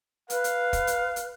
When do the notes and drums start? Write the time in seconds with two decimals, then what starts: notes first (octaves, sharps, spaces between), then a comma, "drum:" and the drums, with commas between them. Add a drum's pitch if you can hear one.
0.30 B4 F5, drum: hi-hat
0.44 drum: hi-hat
0.73 drum: kick, hi-hat
0.87 drum: hi-hat
1.16 drum: hi-hat